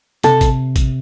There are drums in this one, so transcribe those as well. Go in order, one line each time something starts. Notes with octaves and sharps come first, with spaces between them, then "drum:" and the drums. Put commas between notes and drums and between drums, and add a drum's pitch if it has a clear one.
C3 A4, drum: hi-hat
drum: kick, hi-hat
drum: kick, hi-hat